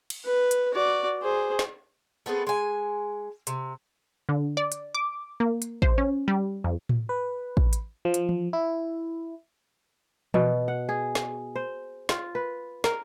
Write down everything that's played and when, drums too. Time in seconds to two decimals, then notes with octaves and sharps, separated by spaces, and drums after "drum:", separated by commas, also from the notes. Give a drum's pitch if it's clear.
0.10 drum: cymbal
0.25 B4
0.51 drum: hi-hat
0.73 F#4 D5
1.22 G#4 C5
1.59 drum: snare
2.26 A3 B3 C4 G#4
2.47 G#3 G#5
3.47 C3, drum: hi-hat
4.29 D3
4.57 D5
4.72 drum: hi-hat
4.95 D6
5.40 A#3
5.62 drum: hi-hat
5.82 C5, drum: kick
5.98 C#4
6.28 G3
6.64 F2
6.89 drum: tom A2
7.09 B4
7.57 drum: kick
7.73 drum: hi-hat
8.05 F3
8.14 drum: hi-hat
8.29 drum: tom E3
8.53 E4
10.34 B2, drum: tom E3
10.68 F#5
10.89 G#4
11.15 drum: snare
11.55 C5
12.09 F4, drum: snare
12.35 B4
12.84 A#4, drum: snare